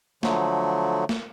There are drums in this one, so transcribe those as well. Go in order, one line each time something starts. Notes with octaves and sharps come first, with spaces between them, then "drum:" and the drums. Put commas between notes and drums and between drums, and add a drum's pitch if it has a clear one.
D3 F3 F#3 A3, drum: snare
drum: snare